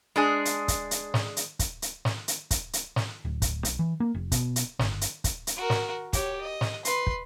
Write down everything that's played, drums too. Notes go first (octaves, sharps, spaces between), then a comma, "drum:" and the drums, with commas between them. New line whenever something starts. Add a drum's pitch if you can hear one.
G#3 D4 G#4
drum: hi-hat
drum: kick, hi-hat
drum: hi-hat
drum: snare
drum: hi-hat
drum: kick, hi-hat
drum: hi-hat
drum: snare
drum: hi-hat
drum: kick, hi-hat
drum: hi-hat
drum: snare
D1
drum: kick, hi-hat
B1, drum: hi-hat
E3
A#3
F1
B2, drum: kick, hi-hat
drum: hi-hat
G1, drum: snare
drum: hi-hat
drum: kick, hi-hat
drum: hi-hat
F#4 A#4
drum: snare
G4 C#5, drum: kick, hi-hat
D#5
drum: snare
B4 C6, drum: hi-hat
drum: kick